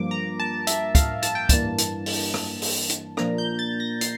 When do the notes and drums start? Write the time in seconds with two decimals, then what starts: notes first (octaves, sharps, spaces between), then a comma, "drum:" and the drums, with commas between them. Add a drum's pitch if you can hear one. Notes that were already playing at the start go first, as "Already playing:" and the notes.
Already playing: G2 F3 A#3 D6
0.11 A#5
0.40 A5
0.67 E5, drum: hi-hat
0.95 F5, drum: kick, hi-hat
1.22 A5, drum: hi-hat
1.35 G5
1.49 G2 E3 A#3 D4 A5, drum: kick, hi-hat
1.78 drum: hi-hat
2.06 drum: open hi-hat
2.34 drum: rim click
2.62 drum: open hi-hat
2.89 drum: hi-hat
3.17 A#2 F3 A#3 D4 A#5, drum: rim click
3.38 G6
3.59 A6
3.80 A#6
4.01 C7, drum: hi-hat